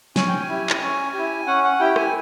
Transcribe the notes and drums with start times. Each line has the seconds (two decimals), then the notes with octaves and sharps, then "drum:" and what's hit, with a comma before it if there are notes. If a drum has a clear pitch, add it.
0.16 C#4 G#5, drum: snare
0.28 G5
0.41 G#5
0.49 E4 G4
0.70 drum: clap
0.82 C#4
1.14 E4 G4
1.47 C#4 F#5
1.64 F#5
1.80 E4 G4 G5
1.96 G#5, drum: rim click